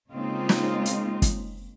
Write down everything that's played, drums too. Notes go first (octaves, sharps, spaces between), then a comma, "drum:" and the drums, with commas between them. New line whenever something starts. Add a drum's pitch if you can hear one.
C#3 G#3 A#3 C4 D#4 F4
drum: snare
drum: hi-hat
drum: kick F#1, hi-hat